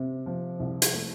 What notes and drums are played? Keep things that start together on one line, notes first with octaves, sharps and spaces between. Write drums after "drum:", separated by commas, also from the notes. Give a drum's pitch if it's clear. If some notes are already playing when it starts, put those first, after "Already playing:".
Already playing: C3
F3
C2
drum: hi-hat
A3